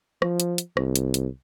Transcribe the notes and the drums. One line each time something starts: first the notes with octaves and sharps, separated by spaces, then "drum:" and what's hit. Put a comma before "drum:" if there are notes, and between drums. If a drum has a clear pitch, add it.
F3, drum: rim click
drum: hi-hat
drum: hi-hat
C2, drum: rim click
drum: hi-hat
drum: hi-hat